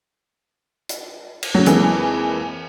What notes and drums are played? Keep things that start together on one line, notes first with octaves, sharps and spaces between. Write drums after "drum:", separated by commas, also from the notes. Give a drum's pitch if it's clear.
drum: hi-hat
drum: cymbal
C#3 F#3
F2 E3 G#3 A#3, drum: hi-hat